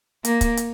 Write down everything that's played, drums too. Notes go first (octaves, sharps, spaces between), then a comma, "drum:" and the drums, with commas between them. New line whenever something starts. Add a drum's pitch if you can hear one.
A#3, drum: hi-hat
drum: kick, hi-hat
drum: hi-hat